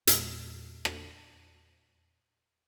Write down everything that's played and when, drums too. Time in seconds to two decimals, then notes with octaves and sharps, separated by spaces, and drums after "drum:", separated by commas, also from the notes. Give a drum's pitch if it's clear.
0.07 E2 A#2 G#3, drum: hi-hat
0.85 drum: rim click